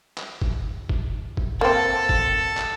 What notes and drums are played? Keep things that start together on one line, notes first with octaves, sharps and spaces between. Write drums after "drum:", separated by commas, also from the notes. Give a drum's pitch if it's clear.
drum: clap
drum: kick
drum: kick
drum: kick
A#3 C4 A4
drum: kick
drum: clap